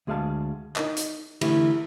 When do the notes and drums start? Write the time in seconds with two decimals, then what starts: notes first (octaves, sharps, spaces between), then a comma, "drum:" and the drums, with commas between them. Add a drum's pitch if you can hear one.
0.07 D2 G#3 G#4 D5 F5 A5
0.76 D#4 A#4 D#5, drum: clap
0.97 drum: hi-hat
1.41 D3 E3 A3 E4 G4 G#4, drum: cymbal